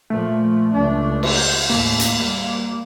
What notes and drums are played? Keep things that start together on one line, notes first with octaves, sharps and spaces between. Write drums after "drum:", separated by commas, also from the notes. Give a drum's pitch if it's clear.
A#2 F3 A3
C#2 D4
drum: cymbal
G6
D#2 A2 A#3
drum: hi-hat
G3